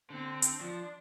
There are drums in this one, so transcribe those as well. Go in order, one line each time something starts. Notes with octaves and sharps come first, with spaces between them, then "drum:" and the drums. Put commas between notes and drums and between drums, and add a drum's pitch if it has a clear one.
D3 C4
drum: hi-hat
F3 D4